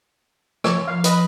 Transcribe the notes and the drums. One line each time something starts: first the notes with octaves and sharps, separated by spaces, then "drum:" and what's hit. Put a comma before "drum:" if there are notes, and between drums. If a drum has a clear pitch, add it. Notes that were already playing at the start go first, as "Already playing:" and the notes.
F3 C#5 D5, drum: rim click
F5
B4 D#5, drum: hi-hat